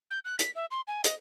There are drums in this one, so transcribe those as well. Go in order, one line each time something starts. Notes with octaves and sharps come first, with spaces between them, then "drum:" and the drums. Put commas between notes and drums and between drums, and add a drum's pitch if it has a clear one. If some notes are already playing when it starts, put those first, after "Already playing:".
G6
F#6
B6, drum: hi-hat
E5
C6
G#5
D#5, drum: hi-hat